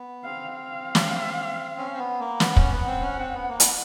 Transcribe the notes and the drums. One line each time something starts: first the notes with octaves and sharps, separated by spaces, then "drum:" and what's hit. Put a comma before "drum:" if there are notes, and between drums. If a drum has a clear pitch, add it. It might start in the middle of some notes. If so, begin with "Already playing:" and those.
Already playing: B3
C4 F5
F5
drum: snare
C#4
C4
B3
A#3
B3 F#5, drum: snare
C#4, drum: kick
B3
C4
C#4
C4
B3
A#3
B3, drum: hi-hat